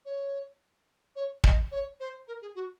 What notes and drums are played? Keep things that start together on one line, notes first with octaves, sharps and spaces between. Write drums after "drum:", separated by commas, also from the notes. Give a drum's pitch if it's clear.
C#5
C#5
D#5, drum: kick
C#5
C5
A#4
G#4
F#4